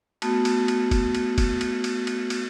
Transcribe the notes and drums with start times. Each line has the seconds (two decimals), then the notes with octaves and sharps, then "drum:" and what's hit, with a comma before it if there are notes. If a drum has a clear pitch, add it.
0.22 A3 B3 F#4 D#6, drum: cymbal
0.45 drum: cymbal
0.68 drum: cymbal
0.91 drum: kick, cymbal
1.15 drum: cymbal
1.38 drum: kick, cymbal
1.61 drum: cymbal
1.84 drum: cymbal
2.07 drum: cymbal
2.30 drum: cymbal